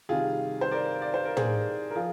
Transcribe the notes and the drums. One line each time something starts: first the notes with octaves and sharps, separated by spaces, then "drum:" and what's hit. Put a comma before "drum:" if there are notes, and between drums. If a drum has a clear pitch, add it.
C3 D#3 G3 F4 G#4
C5
A#4 D5
D5
C5
A#4
G#4 C5, drum: tom
A#4
F3 F4 G#4